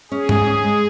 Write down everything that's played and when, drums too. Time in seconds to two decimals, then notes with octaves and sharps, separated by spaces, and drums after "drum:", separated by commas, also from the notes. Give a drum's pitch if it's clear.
0.12 C#4 G#4
0.29 G#2, drum: tom G2
0.46 C#4
0.64 G#3